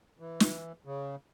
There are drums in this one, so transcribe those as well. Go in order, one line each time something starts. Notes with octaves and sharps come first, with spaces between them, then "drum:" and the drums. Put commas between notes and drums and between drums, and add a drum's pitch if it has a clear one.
E3
drum: snare
C#3